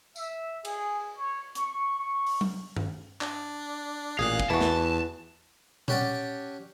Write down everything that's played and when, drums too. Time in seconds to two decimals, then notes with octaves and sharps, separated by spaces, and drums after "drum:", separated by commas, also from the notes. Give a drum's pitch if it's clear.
0.16 E5, drum: tambourine
0.65 G#4, drum: cymbal
1.16 C#5
1.55 C#6, drum: hi-hat
1.98 C#6
2.27 drum: open hi-hat
2.41 drum: tom F#3
2.76 drum: tom G2
3.21 D4, drum: clap
4.19 A1 A#2 G#4 F5 F#6
4.40 drum: kick
4.50 E2 E3 F#4 A5
4.61 drum: snare
5.88 C#4 G4 C#5 D5 F#5 A5, drum: tom A#2